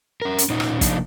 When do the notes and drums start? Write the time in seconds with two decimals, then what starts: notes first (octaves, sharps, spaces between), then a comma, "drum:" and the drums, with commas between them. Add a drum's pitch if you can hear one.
0.22 C#4 A#4
0.38 drum: hi-hat
0.50 A#2 C#4 D#4
0.60 drum: rim click
0.81 C3 F3 A3 A#3 D4 D#4, drum: kick, hi-hat